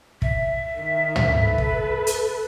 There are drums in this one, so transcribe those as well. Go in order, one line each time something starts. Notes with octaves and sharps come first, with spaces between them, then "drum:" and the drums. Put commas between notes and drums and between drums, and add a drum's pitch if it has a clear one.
E5, drum: kick
D#3
drum: tom
A4 B4
drum: kick
drum: hi-hat